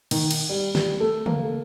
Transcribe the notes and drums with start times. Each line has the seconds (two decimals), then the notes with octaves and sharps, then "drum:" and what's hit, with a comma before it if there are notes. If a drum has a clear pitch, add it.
0.11 D#3, drum: cymbal
0.31 drum: cymbal
0.49 G3
0.75 G3, drum: snare
1.00 A3
1.26 A#3, drum: tom
1.43 A3